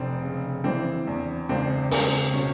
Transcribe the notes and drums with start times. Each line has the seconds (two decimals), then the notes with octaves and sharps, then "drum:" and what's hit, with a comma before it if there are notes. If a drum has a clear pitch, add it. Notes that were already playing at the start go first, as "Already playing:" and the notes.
Already playing: F1 C4 D4
0.22 C#3
0.64 E3 C4 D4
1.07 E2
1.49 C#2 C4 D4
1.91 C#2 C4, drum: open hi-hat
2.33 B2 C#4